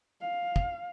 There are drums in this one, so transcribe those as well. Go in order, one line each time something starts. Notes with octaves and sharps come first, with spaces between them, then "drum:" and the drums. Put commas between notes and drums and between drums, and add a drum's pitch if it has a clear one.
F5
drum: kick